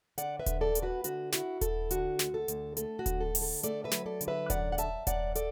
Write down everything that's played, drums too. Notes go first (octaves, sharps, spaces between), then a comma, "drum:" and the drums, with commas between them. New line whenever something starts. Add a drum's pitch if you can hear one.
D3 D5 F#5, drum: hi-hat
B4 E5
D3, drum: kick D#1, hi-hat
A4 D5
B3, drum: hi-hat
F#4 B4
D3 F#4, drum: hi-hat
E4 F#4, drum: snare
E4 A4, drum: kick D#1, hi-hat
D3 F#4, drum: hi-hat
D2, drum: snare
A4
D2, drum: hi-hat
A3 A4, drum: hi-hat
F#4
D3, drum: kick D#1, hi-hat
A4
D3, drum: open hi-hat
A4
A3 A4 D5, drum: hi-hat
B4 E5
F#3, drum: snare
A4 D5
D3, drum: hi-hat
B4 E5
F#2 D5 F#5, drum: kick D#1, hi-hat
F#5
F#2 E5 A5, drum: hi-hat
F#2 D5 F#5, drum: kick D#1, hi-hat
A4 D5, drum: hi-hat